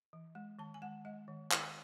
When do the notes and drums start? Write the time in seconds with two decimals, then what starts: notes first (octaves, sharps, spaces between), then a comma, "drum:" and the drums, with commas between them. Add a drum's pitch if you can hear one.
0.13 E3
0.35 G#3
0.59 D#3 A5
0.74 G#5
0.82 G#3 F#5
1.05 G#3 D#5
1.28 D#3
1.51 drum: clap